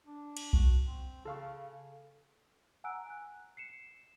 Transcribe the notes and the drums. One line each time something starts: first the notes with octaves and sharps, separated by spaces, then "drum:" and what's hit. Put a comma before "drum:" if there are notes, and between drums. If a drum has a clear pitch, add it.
D4
drum: cymbal
F#4, drum: kick B1
C4
C#3 A4 F5 C#6
F#5 G#5 A#5 E6 F#6 D7
F#6
C7 C#7 E7